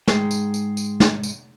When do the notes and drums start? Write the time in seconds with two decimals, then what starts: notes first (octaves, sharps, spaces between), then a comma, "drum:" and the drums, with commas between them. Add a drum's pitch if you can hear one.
0.08 G#2 G#3 G#4 G5, drum: snare
0.31 drum: tambourine
0.54 drum: tambourine
0.77 drum: tambourine
1.00 drum: snare
1.23 drum: tambourine